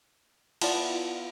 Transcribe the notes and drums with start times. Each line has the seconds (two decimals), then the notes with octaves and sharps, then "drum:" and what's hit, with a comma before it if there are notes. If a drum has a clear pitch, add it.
0.61 B3 E4 F4 D5 A5, drum: cymbal